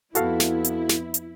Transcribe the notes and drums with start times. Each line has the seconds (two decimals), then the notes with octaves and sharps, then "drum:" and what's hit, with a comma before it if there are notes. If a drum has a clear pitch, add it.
0.15 F2 B3 E4 F#4 A4 F5, drum: hi-hat
0.40 drum: snare
0.64 drum: hi-hat
0.89 drum: snare
1.14 drum: hi-hat